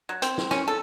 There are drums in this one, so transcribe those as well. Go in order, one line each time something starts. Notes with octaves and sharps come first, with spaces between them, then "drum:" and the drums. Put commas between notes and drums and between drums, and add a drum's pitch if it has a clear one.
F#3
C4, drum: hi-hat
drum: snare
C#4, drum: snare
A4